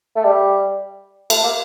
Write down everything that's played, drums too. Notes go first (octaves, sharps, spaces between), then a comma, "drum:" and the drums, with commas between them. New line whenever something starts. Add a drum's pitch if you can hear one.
A3
G3
A3, drum: cymbal
A#3